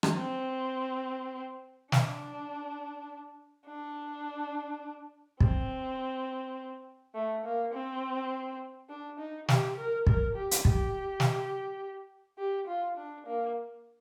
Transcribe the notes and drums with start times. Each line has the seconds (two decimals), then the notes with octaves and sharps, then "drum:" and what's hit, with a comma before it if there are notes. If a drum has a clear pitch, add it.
0.03 drum: rim click
0.17 C4
1.92 D4, drum: snare
3.67 D4
5.40 C4, drum: kick
7.15 A3
7.45 A#3
7.74 C4
8.89 D4
9.19 D#4
9.48 G4, drum: snare
9.77 A#4
10.07 A#4, drum: kick
10.35 G4
10.51 drum: hi-hat
10.65 G4, drum: kick
11.20 drum: snare
12.38 G4
12.67 F4
12.98 D4
13.27 A#3